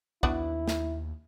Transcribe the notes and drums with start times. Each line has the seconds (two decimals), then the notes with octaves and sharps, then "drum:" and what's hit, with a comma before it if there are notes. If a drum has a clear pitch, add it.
0.23 D#2 B3 D4 E4 F#4, drum: kick
0.68 drum: snare